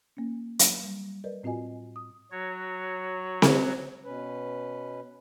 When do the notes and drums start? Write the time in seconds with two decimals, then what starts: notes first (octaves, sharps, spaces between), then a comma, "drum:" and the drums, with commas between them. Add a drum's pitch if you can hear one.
0.17 A#3 C#4
0.59 F#3, drum: hi-hat
0.84 G3
1.24 A#4 B4 D5 D#5
1.43 A2 C4 F4 F#4 D#5 G#5
1.96 D#6
2.31 F#3 F#4 C#5
3.42 drum: snare C4
4.04 B2 C#4 B4